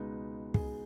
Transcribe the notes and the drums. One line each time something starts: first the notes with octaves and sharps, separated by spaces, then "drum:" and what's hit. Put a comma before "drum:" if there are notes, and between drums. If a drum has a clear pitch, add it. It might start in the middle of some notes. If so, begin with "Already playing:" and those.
Already playing: C#2 B2 G#3 B3 D#4
G#4, drum: kick